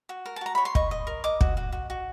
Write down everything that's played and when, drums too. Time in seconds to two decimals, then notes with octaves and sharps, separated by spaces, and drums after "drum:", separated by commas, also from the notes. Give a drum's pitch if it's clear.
0.09 F#4
0.26 A#4
0.36 A5
0.41 F#4 A#5
0.55 C#5 B5
0.65 C6
0.75 D#5 C#6, drum: kick
0.91 D#5
1.07 A#4
1.24 D#5 D6
1.41 F#4, drum: kick
1.57 F#4
1.72 F#4
1.90 F#4